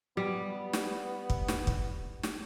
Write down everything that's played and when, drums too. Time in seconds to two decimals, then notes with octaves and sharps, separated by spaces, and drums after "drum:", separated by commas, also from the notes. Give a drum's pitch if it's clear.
0.17 G3 B3
0.73 drum: snare
1.30 drum: kick
1.48 drum: snare
1.67 drum: kick
2.23 drum: snare